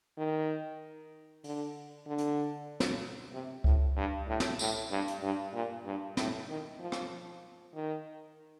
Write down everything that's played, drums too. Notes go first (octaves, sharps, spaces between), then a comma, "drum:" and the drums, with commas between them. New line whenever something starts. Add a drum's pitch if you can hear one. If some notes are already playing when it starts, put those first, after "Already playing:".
D#3
D3, drum: open hi-hat
D3
drum: hi-hat
drum: snare
C3
A2, drum: kick C#2
G2
A2
drum: snare
A2, drum: tambourine
G2
drum: hi-hat
G2
A#2
G2
A2, drum: snare
D#3
F3
drum: rim click
D#3